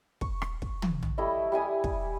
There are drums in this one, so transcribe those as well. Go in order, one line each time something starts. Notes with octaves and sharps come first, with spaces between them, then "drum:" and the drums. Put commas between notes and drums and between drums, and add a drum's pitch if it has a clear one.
C#6, drum: kick
drum: rim click
drum: kick
drum: tom
drum: tom
G3 A3 E4 D#5
G3 E4 G#5 D#6
drum: kick